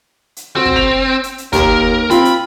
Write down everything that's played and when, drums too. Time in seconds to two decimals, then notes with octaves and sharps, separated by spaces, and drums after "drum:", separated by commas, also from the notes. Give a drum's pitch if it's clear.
0.36 drum: hi-hat
0.56 C4 F#4
0.65 drum: kick
0.76 F7
1.23 drum: hi-hat
1.38 drum: hi-hat
1.53 D#2 A#4, drum: kick, hi-hat
2.10 C4 F4 B5, drum: hi-hat
2.25 drum: hi-hat